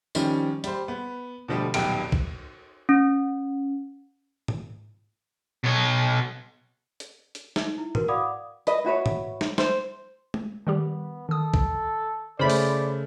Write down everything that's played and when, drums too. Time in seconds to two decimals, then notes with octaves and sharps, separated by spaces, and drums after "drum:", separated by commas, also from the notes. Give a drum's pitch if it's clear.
0.15 D#3 F3 G3 C#4, drum: tambourine
0.64 G3 C5, drum: hi-hat
0.88 B3
1.48 B2 D3 F3 G3 A3
1.74 D#1 B1 B3 G4 D7, drum: cymbal
2.12 drum: kick B1
2.89 C#4
4.48 drum: tom G#2
5.64 B2 C#5
7.00 drum: hi-hat
7.35 drum: hi-hat
7.56 D#4, drum: snare
7.78 E4
7.95 F#4 A#4 B4, drum: tom G#2
8.08 D5 F5 F#5 B5 D6 D#6
8.67 B4 D#5, drum: hi-hat
8.84 E4 F#4 B4 C#5
9.06 drum: tom G#2
9.41 drum: snare
9.58 C5, drum: snare
10.34 drum: tom
10.67 D#3 G3 B3 G4
11.29 D#3 A4 D#6
11.54 drum: kick B1
12.39 C#3 A3 C5 D5 B5
12.50 drum: open hi-hat